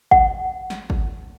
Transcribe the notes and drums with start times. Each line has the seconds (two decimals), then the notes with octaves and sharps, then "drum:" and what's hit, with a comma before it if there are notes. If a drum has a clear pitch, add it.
0.11 F#5, drum: kick
0.70 drum: snare
0.90 drum: kick